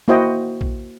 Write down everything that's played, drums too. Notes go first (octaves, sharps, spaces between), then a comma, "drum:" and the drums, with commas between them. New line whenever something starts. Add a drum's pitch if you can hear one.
A#3 E4 F#4 C5 D#5 G5
drum: kick